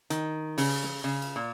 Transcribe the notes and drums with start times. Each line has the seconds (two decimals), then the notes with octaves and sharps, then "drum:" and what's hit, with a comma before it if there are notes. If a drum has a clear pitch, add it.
0.10 D#3, drum: hi-hat
0.58 C#3, drum: open hi-hat
0.83 drum: snare
1.04 C#3
1.22 drum: cymbal
1.36 A#2